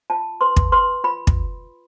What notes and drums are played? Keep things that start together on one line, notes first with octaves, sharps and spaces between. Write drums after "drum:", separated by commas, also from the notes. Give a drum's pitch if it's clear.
F4 A5
B4 C6
drum: kick
B4 C6
F4 B5
drum: kick